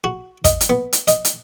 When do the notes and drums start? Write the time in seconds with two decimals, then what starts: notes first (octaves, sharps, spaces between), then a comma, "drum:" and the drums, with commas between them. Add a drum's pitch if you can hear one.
0.04 F#4
0.45 D#5, drum: kick, hi-hat
0.61 drum: hi-hat
0.70 B3
0.93 drum: hi-hat
1.08 D#5, drum: hi-hat
1.25 drum: hi-hat